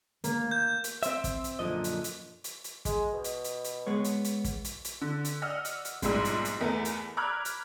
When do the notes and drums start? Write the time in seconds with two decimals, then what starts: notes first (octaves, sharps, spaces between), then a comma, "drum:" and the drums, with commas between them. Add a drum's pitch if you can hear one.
0.24 A#3, drum: hi-hat
0.51 G6
0.84 drum: hi-hat
1.03 C4 C5 E5, drum: hi-hat
1.24 drum: kick, hi-hat
1.44 drum: hi-hat
1.59 F#2 A#2 D3 F3 D#5
1.84 drum: hi-hat
2.04 drum: hi-hat
2.44 drum: hi-hat
2.64 drum: hi-hat
2.85 G#3, drum: kick, hi-hat
3.13 B2
3.24 drum: hi-hat
3.44 drum: hi-hat
3.64 drum: hi-hat
3.87 G#3 B3 C#5
4.04 drum: hi-hat
4.24 drum: hi-hat
4.44 drum: kick, hi-hat
4.64 drum: hi-hat
4.84 drum: hi-hat
5.01 D3
5.25 drum: hi-hat
5.42 D5 D#5 F#5 E6 F6
5.65 drum: hi-hat
5.85 drum: hi-hat
6.02 A#1 G#2 B2 G3 G#3, drum: kick, hi-hat
6.25 drum: hi-hat
6.45 drum: hi-hat
6.60 E2 A3 B3 A#4
6.85 drum: hi-hat
7.17 A#5 B5 D6 F6 F#6 G#6
7.45 drum: hi-hat